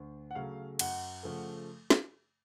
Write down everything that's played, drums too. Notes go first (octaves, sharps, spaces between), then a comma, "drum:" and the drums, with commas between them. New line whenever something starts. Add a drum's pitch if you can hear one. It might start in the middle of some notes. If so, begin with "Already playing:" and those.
Already playing: D2
F#5
C#3 F#3 A3 F5
F#2 F#5, drum: cymbal
C#3 F3 A3
drum: snare